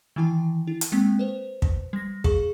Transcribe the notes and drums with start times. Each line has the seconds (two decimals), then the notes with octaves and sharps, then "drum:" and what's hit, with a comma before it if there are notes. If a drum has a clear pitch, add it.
0.16 D#3 E3 E4 G5
0.67 E4
0.81 drum: hi-hat
0.92 G#3 A#3 C4 G5 B6
1.19 B4 C5
1.62 drum: kick
1.93 G3 A#6
2.24 G#4 F5 C#6, drum: kick